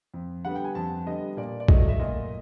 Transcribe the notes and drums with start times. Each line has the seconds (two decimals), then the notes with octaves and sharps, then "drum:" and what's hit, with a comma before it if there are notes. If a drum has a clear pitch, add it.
0.14 F2
0.45 D3 G3 B3 F#5
0.55 G5
0.65 G#5
0.75 F2 A5
1.06 D3 G3 B3 D#5
1.37 A#2 D5
1.60 D5
1.68 F#3 A3 D#5, drum: kick A#1
1.89 E5
1.99 A#2 D#5